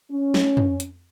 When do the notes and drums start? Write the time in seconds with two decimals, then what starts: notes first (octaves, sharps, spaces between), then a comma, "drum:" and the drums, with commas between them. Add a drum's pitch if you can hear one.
0.11 C#4
0.34 drum: snare
0.57 drum: tom
0.80 drum: hi-hat